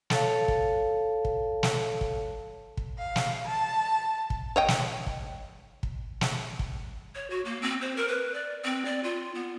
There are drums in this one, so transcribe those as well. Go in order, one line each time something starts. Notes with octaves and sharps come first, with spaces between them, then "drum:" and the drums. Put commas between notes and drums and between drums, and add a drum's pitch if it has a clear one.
A4 C#5 F5 A5, drum: snare
drum: kick
drum: kick
drum: snare
drum: kick
drum: kick
F5
drum: snare
A5
drum: kick
C#5 D#5 G5
drum: snare
drum: kick
drum: kick
drum: snare
drum: kick
C#5
F#4
A#3
C4
C5
A#4
B4
D5
C4
D5
F4
B3